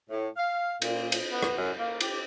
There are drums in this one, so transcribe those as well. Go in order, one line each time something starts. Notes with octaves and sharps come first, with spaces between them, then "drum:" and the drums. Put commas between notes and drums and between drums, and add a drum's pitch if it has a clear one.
A2
F5
A#2, drum: cymbal
drum: cymbal
B3
drum: rim click
F#2
A#3
G4, drum: cymbal